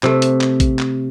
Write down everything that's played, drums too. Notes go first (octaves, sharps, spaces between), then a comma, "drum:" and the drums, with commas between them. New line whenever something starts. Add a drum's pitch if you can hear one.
C3 A3, drum: clap
drum: hi-hat
drum: clap
drum: kick A1, hi-hat
drum: clap